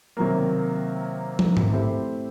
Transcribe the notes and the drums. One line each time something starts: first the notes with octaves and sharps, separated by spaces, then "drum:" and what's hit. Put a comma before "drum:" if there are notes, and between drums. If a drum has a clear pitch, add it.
C3 D#3 F#3 A#3
drum: tom
drum: tom G#2
A3 C4 E4 G4 C5